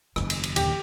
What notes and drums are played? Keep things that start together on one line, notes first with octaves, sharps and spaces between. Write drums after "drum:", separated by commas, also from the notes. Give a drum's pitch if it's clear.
F#1 E2 D#3, drum: rim click
drum: cymbal
drum: cymbal
D#2 A#2 D3 G4, drum: cymbal